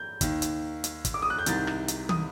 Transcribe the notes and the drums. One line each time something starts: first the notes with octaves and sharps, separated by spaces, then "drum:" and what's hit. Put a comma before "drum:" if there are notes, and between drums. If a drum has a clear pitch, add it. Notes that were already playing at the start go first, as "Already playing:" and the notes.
Already playing: G6
D#2 D#3, drum: kick, hi-hat
drum: hi-hat
drum: hi-hat
drum: kick, hi-hat
D6
D#6
F#6
G6
C2 C3 D#3 A6, drum: hi-hat
drum: rim click
drum: hi-hat
D#6, drum: tom